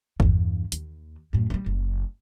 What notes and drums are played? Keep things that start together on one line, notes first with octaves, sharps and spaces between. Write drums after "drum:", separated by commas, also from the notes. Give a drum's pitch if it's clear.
E2 G2, drum: kick
D#2, drum: hi-hat
F#2 A2
G3 C4
F#1